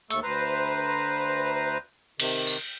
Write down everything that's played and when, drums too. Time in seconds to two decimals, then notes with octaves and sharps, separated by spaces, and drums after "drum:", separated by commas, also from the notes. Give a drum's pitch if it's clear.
0.11 D#2 A3 A4 C#6, drum: hi-hat
0.23 D2 B4 C5 A#5
2.20 C3 D#3, drum: cymbal
2.47 drum: tambourine